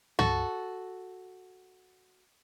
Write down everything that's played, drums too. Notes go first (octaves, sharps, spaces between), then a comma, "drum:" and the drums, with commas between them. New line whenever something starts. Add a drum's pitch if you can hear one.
F#4 A4, drum: tom